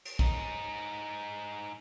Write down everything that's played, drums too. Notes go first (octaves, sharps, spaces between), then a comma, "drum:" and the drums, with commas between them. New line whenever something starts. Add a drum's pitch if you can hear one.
drum: cymbal
G#2 D#4, drum: kick